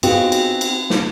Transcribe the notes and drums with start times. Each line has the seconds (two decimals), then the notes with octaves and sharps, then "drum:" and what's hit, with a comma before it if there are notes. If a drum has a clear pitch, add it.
0.03 B3 C4 D#4 F4 F#4 G#4, drum: cymbal
0.32 drum: cymbal
0.61 drum: cymbal
0.90 drum: snare